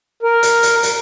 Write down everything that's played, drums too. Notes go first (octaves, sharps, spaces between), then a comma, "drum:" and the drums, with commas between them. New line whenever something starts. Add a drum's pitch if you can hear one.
A#4
drum: hi-hat
drum: hi-hat
drum: hi-hat